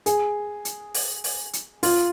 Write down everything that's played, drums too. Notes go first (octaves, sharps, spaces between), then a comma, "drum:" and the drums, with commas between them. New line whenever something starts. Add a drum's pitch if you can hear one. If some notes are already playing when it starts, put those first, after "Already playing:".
G#4, drum: hi-hat
drum: hi-hat
drum: open hi-hat
drum: open hi-hat
drum: hi-hat
F4, drum: open hi-hat